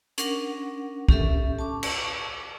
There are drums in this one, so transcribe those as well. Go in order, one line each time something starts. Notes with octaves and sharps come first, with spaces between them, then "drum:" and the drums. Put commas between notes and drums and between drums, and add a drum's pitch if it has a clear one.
C#4 D4 A#4 F#5, drum: hi-hat
C#4 G4 A4 E5, drum: kick
A5 C#6 D6
drum: cymbal